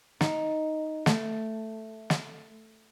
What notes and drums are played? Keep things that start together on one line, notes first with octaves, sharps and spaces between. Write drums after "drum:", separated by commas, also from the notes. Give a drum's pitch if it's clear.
D#4, drum: snare
A3, drum: snare
drum: snare